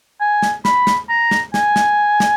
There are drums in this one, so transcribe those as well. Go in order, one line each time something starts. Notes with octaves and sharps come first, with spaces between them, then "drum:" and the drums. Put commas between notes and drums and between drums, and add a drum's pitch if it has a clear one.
G#5
drum: snare
B5, drum: snare
drum: snare
A#5
drum: snare
G#5, drum: snare
drum: snare
drum: snare